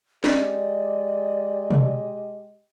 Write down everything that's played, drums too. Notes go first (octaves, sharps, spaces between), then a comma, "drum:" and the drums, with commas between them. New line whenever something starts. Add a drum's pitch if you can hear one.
G#3 G4 D5 D#5, drum: snare
drum: tom B2